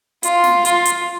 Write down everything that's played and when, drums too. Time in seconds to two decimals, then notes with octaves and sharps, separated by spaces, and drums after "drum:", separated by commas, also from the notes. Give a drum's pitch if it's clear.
0.23 F4, drum: hi-hat
0.44 drum: snare
0.65 F4, drum: hi-hat
0.85 drum: hi-hat